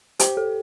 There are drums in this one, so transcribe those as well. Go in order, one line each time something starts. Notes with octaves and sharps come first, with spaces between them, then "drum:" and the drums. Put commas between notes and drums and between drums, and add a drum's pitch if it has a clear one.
G4 C5, drum: hi-hat
A4